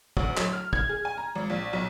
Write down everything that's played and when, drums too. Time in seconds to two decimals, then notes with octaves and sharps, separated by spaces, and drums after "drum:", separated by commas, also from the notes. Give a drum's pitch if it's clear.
0.17 D2, drum: kick
0.37 F#3, drum: clap
0.53 F6
0.73 G#6, drum: kick
0.89 G#4
1.05 G#5
1.18 A#5
1.35 G#1
1.50 A#1
1.73 B1